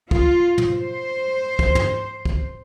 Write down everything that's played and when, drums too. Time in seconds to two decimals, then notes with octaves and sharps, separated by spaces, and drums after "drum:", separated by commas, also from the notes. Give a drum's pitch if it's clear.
0.11 F4, drum: kick
0.58 drum: tom
0.72 C5
1.59 drum: kick
1.75 drum: tom
2.25 drum: kick